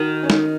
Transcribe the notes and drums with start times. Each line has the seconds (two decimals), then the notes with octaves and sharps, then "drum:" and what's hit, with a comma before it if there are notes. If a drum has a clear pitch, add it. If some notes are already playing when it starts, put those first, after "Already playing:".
Already playing: D#3 F#4
0.23 C#4
0.30 D#4, drum: snare